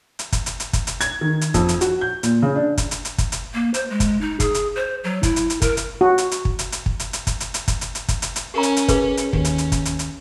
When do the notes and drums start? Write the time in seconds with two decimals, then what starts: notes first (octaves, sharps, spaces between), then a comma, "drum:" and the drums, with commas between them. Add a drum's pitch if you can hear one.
0.19 drum: hi-hat
0.32 drum: kick, hi-hat
0.46 drum: hi-hat
0.60 drum: hi-hat
0.73 drum: kick, hi-hat
0.87 drum: hi-hat
1.01 G#6, drum: hi-hat
1.21 D#3
1.41 drum: hi-hat
1.54 F2, drum: kick, hi-hat
1.69 drum: hi-hat
1.81 F#4, drum: hi-hat
2.01 G6
2.23 A#2, drum: hi-hat
2.42 C#3
2.56 D4
2.78 drum: kick, hi-hat
2.91 drum: hi-hat
3.05 drum: hi-hat
3.18 drum: kick, hi-hat
3.32 drum: hi-hat
3.54 A#3
3.74 C5, drum: hi-hat
3.90 G#3
4.00 drum: kick, hi-hat
4.21 D#4
4.40 G#4, drum: kick, hi-hat
4.55 drum: hi-hat
4.75 C5
5.04 F#3
5.23 E4, drum: kick, hi-hat
5.36 drum: hi-hat
5.50 drum: hi-hat
5.62 A#4, drum: kick, hi-hat
5.77 drum: hi-hat
6.01 F#4
6.18 drum: hi-hat
6.31 drum: hi-hat
6.45 drum: kick
6.59 drum: hi-hat
6.72 drum: hi-hat
6.86 drum: kick
7.00 drum: hi-hat
7.13 drum: hi-hat
7.27 drum: kick, hi-hat
7.40 drum: hi-hat
7.54 drum: hi-hat
7.68 drum: kick, hi-hat
7.81 drum: hi-hat
7.95 drum: hi-hat
8.08 drum: kick, hi-hat
8.22 drum: hi-hat
8.36 drum: hi-hat
8.54 C#4 G4 A#4 A#5
8.63 drum: hi-hat
8.77 drum: hi-hat
8.88 G#4 B4, drum: kick, hi-hat
9.17 drum: hi-hat
9.33 D#2 C#4, drum: kick
9.45 drum: hi-hat
9.58 drum: hi-hat
9.72 drum: kick, hi-hat
9.85 drum: hi-hat
9.99 drum: hi-hat